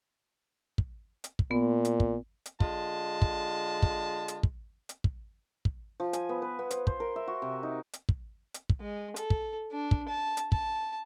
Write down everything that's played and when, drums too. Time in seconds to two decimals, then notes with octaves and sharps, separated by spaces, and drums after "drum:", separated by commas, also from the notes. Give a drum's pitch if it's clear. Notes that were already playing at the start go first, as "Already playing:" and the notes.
0.78 drum: kick
1.24 drum: hi-hat
1.39 drum: kick
1.51 A#2 B3
1.85 drum: hi-hat
2.00 drum: kick
2.46 drum: hi-hat
2.60 D3 G#3 F4 A5, drum: kick
3.22 drum: kick
3.83 drum: kick
4.28 drum: hi-hat
4.43 drum: kick
4.89 drum: hi-hat
5.04 drum: kick
5.65 drum: kick
6.00 F3
6.13 G#5, drum: hi-hat
6.29 B3
6.42 B4
6.59 B3
6.71 C5, drum: hi-hat
6.87 C5, drum: kick
7.00 A#4
7.16 E5
7.28 F#4
7.42 C3
7.63 D#4
7.93 drum: hi-hat
8.09 drum: kick
8.54 drum: hi-hat
8.69 drum: kick
8.81 G#3
9.16 A4, drum: hi-hat
9.30 drum: kick
9.72 D4
9.91 drum: kick
10.08 A5
10.37 drum: hi-hat
10.52 A5, drum: kick